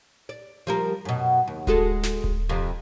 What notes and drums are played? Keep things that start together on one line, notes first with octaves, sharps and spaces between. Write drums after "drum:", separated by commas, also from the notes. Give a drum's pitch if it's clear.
D5
F3 G3 A#4
F#2 B2
D#2
G#3 F#4 A4, drum: kick D1
drum: snare
drum: kick D1
F2 C3